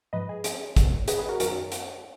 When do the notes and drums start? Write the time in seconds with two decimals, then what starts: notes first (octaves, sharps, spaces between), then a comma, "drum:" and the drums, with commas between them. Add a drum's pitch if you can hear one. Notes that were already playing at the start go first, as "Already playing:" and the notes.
0.13 G#2 F3 B4 D#5
0.29 G#4
0.44 G#4, drum: hi-hat
0.77 drum: kick, hi-hat
1.08 G#4 B4, drum: hi-hat
1.18 G#4 B4
1.29 F#4 A#4
1.40 F#2 D#3 F#3 F#4 A#4, drum: hi-hat
1.72 drum: hi-hat